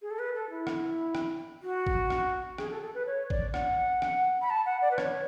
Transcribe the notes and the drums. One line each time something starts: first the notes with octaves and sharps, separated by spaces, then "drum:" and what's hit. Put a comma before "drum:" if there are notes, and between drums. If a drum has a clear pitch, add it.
G#4
A4
B4
A4
E4
drum: rim click
drum: rim click
F#4
drum: kick
drum: rim click
G#4, drum: rim click
A4
A4
B4
C#5
D5, drum: kick
F#5, drum: rim click
drum: rim click
B5
A5
F#5
D5
B4
C#5, drum: rim click